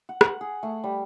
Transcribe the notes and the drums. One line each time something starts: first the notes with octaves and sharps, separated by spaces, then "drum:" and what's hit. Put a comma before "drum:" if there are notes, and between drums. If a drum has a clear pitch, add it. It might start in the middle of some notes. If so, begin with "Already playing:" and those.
F#5
F#5, drum: rim click
G#4
A3
G3